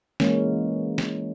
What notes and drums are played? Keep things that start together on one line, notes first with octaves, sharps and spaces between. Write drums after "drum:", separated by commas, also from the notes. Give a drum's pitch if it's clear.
E3 G#3 A#3 C#4, drum: snare
drum: snare